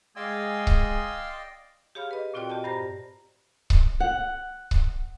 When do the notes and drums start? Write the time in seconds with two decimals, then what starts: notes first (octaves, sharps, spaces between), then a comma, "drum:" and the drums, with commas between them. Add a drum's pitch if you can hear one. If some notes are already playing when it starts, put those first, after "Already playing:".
0.16 G#3 G#4 D5 D#5 F5 G5 C6 E6
0.67 drum: kick C#1
1.95 G4 G#4 C#5 F5 B5 F6
2.11 B4 D#5
2.34 A#2 C4 F4 F#4 D5 G5
2.50 G4 D5 D#5 A5
2.64 G2 G4 C5 A#5 A#6
3.70 drum: kick C#1
4.00 F#5
4.71 drum: kick C#1